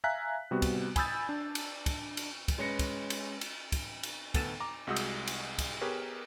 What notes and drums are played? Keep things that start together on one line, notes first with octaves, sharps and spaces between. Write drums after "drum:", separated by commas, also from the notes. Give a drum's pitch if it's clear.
E5 F5 G#5 A#5 F#6 B6
C3 G3 B3 F#4
drum: kick, cymbal
G#5 B5 D#6 E6 G6 A6, drum: kick, cymbal
D4
drum: cymbal
drum: kick, cymbal
drum: cymbal
drum: kick, cymbal
G#3 C#4 B4 A#6 C#7
drum: kick, cymbal
drum: cymbal
drum: cymbal
drum: kick, cymbal
drum: cymbal
D2 B3 A4 A6 D#7 E7, drum: kick, cymbal
A#5 D6
C2 G#3 F#4 D#6 E6 G6
drum: cymbal
drum: cymbal
drum: kick, cymbal
B3 G4 G#4 A#4 B4 C#5